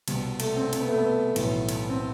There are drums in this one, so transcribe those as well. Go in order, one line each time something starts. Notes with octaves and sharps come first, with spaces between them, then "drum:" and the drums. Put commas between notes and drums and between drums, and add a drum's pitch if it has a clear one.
C2 B2 G3, drum: cymbal
A3, drum: cymbal
C4
C4, drum: cymbal
B3
A3
B3
B1 A2 E3, drum: cymbal
drum: cymbal
C4